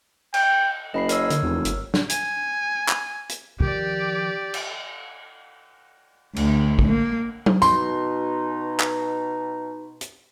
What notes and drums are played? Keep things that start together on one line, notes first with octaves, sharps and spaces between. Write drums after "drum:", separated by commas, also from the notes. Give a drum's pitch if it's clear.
G5, drum: cymbal
F#1 D#5 B5 C7
A#4 C#5 E6, drum: hi-hat
D3, drum: hi-hat
F1 E2
G1, drum: hi-hat
drum: snare
G#5, drum: hi-hat
drum: clap
drum: hi-hat
D#3 F3 G4 D5
drum: cymbal
D2, drum: cymbal
drum: kick
A#3
drum: tom F#3
B2 D#4 C6, drum: tambourine
drum: clap
drum: hi-hat